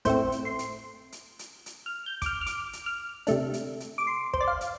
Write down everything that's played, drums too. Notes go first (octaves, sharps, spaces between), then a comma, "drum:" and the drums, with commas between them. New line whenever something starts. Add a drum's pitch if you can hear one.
A2 A3 C4 C5, drum: kick, hi-hat
drum: hi-hat
C6
drum: hi-hat
drum: hi-hat
drum: hi-hat
drum: hi-hat
F6
G6
D6, drum: kick, hi-hat
F6
F6
D6, drum: hi-hat
drum: hi-hat
F6
C3 A3 D4, drum: hi-hat
drum: hi-hat
drum: hi-hat
D6
C6
C5, drum: kick
D5
F5
drum: hi-hat